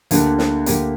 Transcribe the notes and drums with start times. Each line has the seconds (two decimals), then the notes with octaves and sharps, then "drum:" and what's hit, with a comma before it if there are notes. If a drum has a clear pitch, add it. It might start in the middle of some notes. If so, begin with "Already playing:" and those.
0.11 D2 D3 A#3 G4, drum: hi-hat
0.38 drum: snare
0.66 D2 D3 A#3 G4, drum: hi-hat